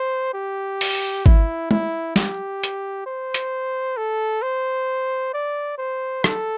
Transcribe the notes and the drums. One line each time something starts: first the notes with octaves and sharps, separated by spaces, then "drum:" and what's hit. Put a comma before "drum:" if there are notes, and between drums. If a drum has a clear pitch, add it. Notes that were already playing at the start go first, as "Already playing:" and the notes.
Already playing: C5
G4
drum: open hi-hat
E4, drum: kick G#1
E4, drum: tom
G4, drum: snare
drum: hi-hat
C5
drum: hi-hat
A4
C5
D5
C5
A4, drum: rim click